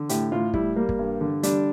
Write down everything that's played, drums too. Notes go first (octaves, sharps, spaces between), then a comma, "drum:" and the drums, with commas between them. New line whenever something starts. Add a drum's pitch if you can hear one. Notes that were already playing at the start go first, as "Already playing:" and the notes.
Already playing: D3
A2 G4, drum: hi-hat
A2 F4
G3 E4, drum: kick
G3 A#3
drum: kick
G2
D3
G3 D4, drum: hi-hat